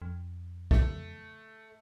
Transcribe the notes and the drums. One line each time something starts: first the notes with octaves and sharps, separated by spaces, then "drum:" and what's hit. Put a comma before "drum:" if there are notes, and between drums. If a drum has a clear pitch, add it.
F2
A3, drum: kick